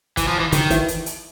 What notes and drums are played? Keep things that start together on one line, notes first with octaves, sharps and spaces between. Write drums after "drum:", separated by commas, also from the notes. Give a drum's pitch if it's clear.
E3, drum: kick, hi-hat
F3
E3
D3 D#3, drum: hi-hat
E3, drum: kick, hi-hat
drum: hi-hat
drum: hi-hat